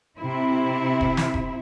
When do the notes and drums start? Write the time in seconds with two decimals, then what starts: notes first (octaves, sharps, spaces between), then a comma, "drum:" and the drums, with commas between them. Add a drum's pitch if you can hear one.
0.18 C3 E4
1.01 drum: kick E1
1.17 drum: snare
1.34 drum: kick E1